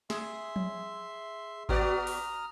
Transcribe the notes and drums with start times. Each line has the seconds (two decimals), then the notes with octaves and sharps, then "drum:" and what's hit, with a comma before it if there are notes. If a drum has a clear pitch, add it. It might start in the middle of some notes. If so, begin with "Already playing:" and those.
0.10 G#4 E5 C6, drum: snare
0.56 drum: tom F3
1.69 B3 F#4 D5 A#5 D#6 F6, drum: kick G#1
2.07 drum: open hi-hat